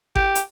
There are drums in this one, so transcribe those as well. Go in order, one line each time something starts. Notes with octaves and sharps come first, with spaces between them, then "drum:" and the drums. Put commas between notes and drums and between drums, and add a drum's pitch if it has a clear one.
G4, drum: kick G#1
drum: hi-hat